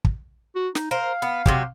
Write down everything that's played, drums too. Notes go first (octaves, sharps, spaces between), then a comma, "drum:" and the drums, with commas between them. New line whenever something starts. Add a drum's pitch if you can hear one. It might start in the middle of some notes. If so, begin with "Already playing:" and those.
drum: kick
F#4
D#4, drum: snare
A#4 C5 F5
B3
C3 F#3 G4, drum: kick